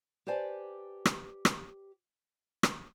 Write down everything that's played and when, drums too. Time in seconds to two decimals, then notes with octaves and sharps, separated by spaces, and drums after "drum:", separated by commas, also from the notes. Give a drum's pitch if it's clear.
0.27 G4 B4 C5 D5 G#5 A5
1.05 drum: rim click
1.45 drum: rim click
2.63 drum: rim click